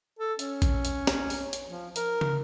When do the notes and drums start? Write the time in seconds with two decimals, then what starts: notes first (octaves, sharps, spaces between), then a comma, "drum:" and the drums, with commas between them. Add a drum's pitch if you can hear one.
0.19 A4
0.39 C#4, drum: hi-hat
0.62 drum: kick A#1, hi-hat
0.85 drum: hi-hat
1.07 drum: snare
1.30 drum: open hi-hat
1.53 drum: hi-hat
1.67 F3
1.96 A#4, drum: hi-hat
2.21 drum: tom